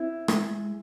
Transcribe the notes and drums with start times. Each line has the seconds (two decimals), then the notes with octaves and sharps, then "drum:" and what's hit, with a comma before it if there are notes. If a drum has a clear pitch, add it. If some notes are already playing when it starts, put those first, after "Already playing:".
Already playing: C4 E4
0.28 G#3, drum: rim click